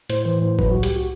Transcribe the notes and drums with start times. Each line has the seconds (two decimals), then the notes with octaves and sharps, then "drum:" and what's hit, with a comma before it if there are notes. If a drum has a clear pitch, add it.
0.10 A2 C5, drum: hi-hat
0.25 E3 C5
0.42 A2 C5
0.59 F#3 B4, drum: kick F#1
0.71 C2 F#4
0.83 G4, drum: hi-hat
0.96 F#4